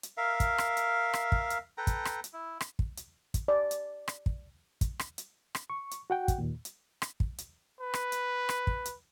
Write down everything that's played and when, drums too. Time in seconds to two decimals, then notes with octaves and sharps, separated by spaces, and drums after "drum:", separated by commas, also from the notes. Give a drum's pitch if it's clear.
0.03 drum: hi-hat
0.17 A#4 E5 F5
0.40 drum: kick, hi-hat
0.58 drum: rim click
0.77 drum: hi-hat
1.13 drum: rim click
1.32 drum: kick
1.50 drum: hi-hat
1.78 A4 B4 G5 A#5
1.87 drum: kick, hi-hat
2.05 drum: rim click
2.24 drum: hi-hat
2.33 E4
2.61 drum: rim click
2.79 drum: kick
2.97 drum: hi-hat
3.34 drum: kick, hi-hat
3.48 D5
3.71 drum: hi-hat
4.08 drum: rim click
4.26 drum: kick
4.81 drum: kick, hi-hat
4.99 drum: rim click
5.18 drum: hi-hat
5.55 drum: rim click
5.70 C#6
5.91 drum: hi-hat
6.10 F#4 F#5 G5
6.28 drum: kick, hi-hat
6.38 D#2 A#2
6.65 drum: hi-hat
7.02 drum: rim click
7.20 drum: kick
7.38 drum: hi-hat
7.80 B4
7.94 drum: rim click
8.12 drum: hi-hat
8.49 drum: rim click
8.67 drum: kick
8.85 drum: hi-hat